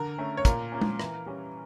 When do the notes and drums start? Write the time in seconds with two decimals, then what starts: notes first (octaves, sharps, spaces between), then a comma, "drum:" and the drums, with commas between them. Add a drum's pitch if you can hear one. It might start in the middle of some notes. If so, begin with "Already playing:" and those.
Already playing: D3 A#4
0.18 A3 C#4
0.37 C#5
0.45 A#2 A#4, drum: kick, hi-hat
0.72 F3 A#3 C#4
0.81 drum: tom
1.00 E3, drum: rim click
1.26 G3 C#4